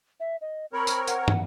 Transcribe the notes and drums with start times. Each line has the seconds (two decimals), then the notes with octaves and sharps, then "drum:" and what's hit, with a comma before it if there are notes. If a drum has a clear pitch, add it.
0.20 E5
0.41 D#5
0.73 C4 A#4 C#5 B5
0.87 drum: tambourine
1.07 F#5, drum: tambourine
1.28 drum: tom